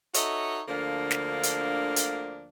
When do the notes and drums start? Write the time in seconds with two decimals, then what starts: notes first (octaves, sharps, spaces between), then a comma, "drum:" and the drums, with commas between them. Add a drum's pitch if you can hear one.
0.14 D#4 F#4 A4 C#5 D#5 E5, drum: hi-hat
0.68 D2 D3 F3 A#3 D4 F5
1.11 drum: snare
1.43 drum: hi-hat
1.96 drum: hi-hat